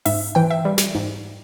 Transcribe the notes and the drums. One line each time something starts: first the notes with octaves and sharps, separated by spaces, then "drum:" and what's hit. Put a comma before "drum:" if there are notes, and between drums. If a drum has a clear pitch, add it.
G#2 E5, drum: open hi-hat
E3 G5
E5
G3
drum: snare
G#2